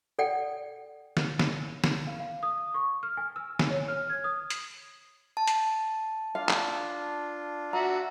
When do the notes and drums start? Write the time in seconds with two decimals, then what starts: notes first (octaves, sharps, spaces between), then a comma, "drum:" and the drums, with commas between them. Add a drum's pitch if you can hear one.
0.19 A4 D5 F#5 G5
1.17 drum: snare
1.39 drum: snare
1.84 drum: snare
2.07 F5
2.20 F5
2.43 D#6
2.74 C#6
3.03 F6
3.17 G#5
3.36 E6
3.59 G#5, drum: snare
3.71 C#5
3.88 F6
4.10 G#6
4.24 D#6
4.50 drum: hi-hat
5.37 A5
5.47 drum: hi-hat
6.35 D4 F4 F5
6.49 drum: clap
7.73 F#4 E5 A#5